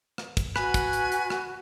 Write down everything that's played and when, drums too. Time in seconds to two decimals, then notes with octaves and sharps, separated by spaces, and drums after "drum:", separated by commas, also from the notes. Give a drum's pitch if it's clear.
0.18 drum: rim click
0.37 drum: kick, hi-hat
0.56 F#4 B4 G#5, drum: rim click
0.74 drum: kick, hi-hat
0.93 drum: hi-hat
1.12 drum: hi-hat
1.30 drum: rim click